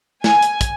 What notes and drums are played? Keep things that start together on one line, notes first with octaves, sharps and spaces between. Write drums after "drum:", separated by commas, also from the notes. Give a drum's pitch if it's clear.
G#5, drum: snare
drum: hi-hat
drum: kick, hi-hat